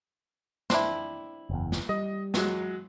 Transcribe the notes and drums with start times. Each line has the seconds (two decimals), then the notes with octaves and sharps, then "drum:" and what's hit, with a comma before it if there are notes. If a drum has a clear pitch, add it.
0.70 C4 D4 E4, drum: snare
1.50 F#1 E2
1.72 drum: snare
1.89 G3 D#5
2.34 F#3 G#3, drum: snare